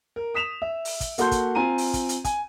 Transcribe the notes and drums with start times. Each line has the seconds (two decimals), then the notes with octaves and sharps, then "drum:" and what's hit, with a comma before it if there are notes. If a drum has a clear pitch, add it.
0.16 A#4
0.34 D#6 B6 E7 F7
0.62 E5
0.85 drum: open hi-hat
1.00 drum: kick, hi-hat
1.18 A#3 F#4 A4 C6 G6, drum: hi-hat
1.31 drum: kick, hi-hat
1.55 C4 F4 G#5 A#5 D#7
1.78 drum: open hi-hat
1.93 drum: kick, hi-hat
2.09 drum: hi-hat
2.24 G#5, drum: kick, hi-hat